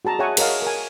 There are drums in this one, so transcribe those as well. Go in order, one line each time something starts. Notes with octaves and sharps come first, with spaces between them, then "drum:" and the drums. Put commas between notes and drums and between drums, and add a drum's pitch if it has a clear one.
F#4 G#4 A5 A#5
G#4 C#5 E5 F#5 G#5 C#6
G#4 A#4 C#5 D#5 F5, drum: cymbal
A#4 G#5